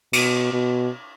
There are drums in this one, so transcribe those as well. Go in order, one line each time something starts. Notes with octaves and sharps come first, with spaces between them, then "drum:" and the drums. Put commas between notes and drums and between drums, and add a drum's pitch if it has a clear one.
B2, drum: cymbal
B2